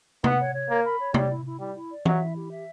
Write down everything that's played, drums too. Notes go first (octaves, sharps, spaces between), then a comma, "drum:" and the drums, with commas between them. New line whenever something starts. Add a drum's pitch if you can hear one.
B3 F#5, drum: tom C3
C#5
C#5
A#3 A#4
B5
C#5
G3 D5, drum: tom C3
E4
E4
G3 E4
E4
D5
F#3 E5, drum: tom E3
E4
G4
E5